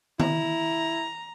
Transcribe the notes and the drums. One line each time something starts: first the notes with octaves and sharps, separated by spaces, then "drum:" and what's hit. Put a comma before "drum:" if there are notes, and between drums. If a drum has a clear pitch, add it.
E4 A#5, drum: tom D#3